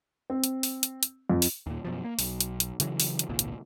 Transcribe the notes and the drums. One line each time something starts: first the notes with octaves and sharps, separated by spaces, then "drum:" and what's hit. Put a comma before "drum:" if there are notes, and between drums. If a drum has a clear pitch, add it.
C4
drum: hi-hat
drum: open hi-hat
drum: hi-hat
drum: hi-hat
F2
drum: open hi-hat
D#2 A#2
F#2 B2 F3
A#3
B1, drum: open hi-hat
drum: hi-hat
drum: hi-hat
C#3 E3 F#3, drum: hi-hat
drum: open hi-hat
drum: hi-hat
G#1 C#2 A#2
drum: hi-hat